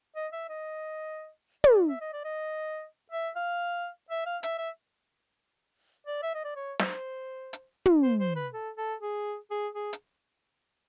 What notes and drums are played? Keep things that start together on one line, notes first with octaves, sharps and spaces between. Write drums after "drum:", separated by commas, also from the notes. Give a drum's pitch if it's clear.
D#5
E5
D#5
D5, drum: tom
E5
D#5
D5
D#5
E5
F5
E5
F5
E5, drum: hi-hat
E5
D5
E5
D#5
D5
C#5
C5, drum: snare
drum: hi-hat
drum: tom
C5
C5
B4
A4
A4
G#4
G#4
G#4
drum: hi-hat